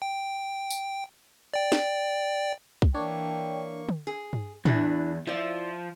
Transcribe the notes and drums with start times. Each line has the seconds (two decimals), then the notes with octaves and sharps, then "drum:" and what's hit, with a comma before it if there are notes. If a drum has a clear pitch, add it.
0.02 G5
0.70 drum: tambourine
1.54 D5 G5
1.72 drum: snare
2.82 drum: kick C2
2.94 E3 A#3 D4 C#5 G5 C#6
3.89 drum: tom
4.07 G#4
4.33 drum: tom G2
4.65 E2 E3 D4 E4, drum: tom A2
5.27 F3 E4 D5